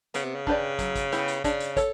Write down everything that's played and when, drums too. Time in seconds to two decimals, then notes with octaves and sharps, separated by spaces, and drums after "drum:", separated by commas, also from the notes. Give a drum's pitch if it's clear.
0.14 C#3 B3, drum: hi-hat
0.25 C3
0.35 C#3
0.47 D4 G4 B4 D5, drum: kick
0.79 F#3, drum: kick, hi-hat
0.95 drum: kick, hi-hat
1.12 B3 E4 G4, drum: hi-hat
1.28 drum: hi-hat
1.44 C#3 D4, drum: kick, hi-hat
1.60 drum: hi-hat
1.76 A4 C#5, drum: kick, hi-hat